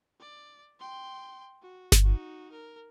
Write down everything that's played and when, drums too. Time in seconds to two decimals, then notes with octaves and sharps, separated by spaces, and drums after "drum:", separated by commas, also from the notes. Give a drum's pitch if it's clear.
0.20 D5
0.80 G5 C6
1.63 F#4
1.92 drum: snare G1
2.02 D#4 F#4
2.52 A#4